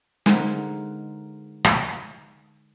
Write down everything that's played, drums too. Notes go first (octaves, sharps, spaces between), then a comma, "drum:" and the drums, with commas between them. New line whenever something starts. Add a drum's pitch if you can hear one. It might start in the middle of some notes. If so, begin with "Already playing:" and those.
D3 G#3 D#4 A#4 C5 F#5, drum: snare
drum: rim click